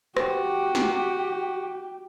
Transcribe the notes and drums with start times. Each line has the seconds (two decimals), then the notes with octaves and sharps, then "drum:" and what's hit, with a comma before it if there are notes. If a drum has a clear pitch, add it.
0.17 F#4 G4, drum: rim click
0.75 drum: snare